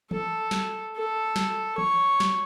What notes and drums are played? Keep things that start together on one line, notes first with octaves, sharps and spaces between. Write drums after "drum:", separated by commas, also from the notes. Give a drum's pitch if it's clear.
A4, drum: tom
drum: snare
A4
drum: snare
C#5, drum: tom
drum: snare